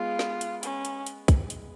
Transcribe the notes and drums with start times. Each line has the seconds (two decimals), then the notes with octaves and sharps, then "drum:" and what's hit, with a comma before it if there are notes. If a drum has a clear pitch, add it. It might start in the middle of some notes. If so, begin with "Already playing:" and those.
Already playing: G#3 B3 F4
0.19 drum: snare
0.41 drum: hi-hat
0.63 C#4, drum: hi-hat
0.85 drum: hi-hat
1.06 drum: hi-hat
1.28 drum: kick, hi-hat
1.50 drum: hi-hat